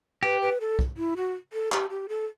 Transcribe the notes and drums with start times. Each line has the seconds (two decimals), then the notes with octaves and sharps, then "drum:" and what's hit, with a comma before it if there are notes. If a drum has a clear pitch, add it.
0.23 G4 B4
0.41 B4
0.61 A4
0.79 drum: kick
0.97 E4
1.17 F#4
1.53 A4
1.72 G4, drum: clap
1.90 G4
2.09 A4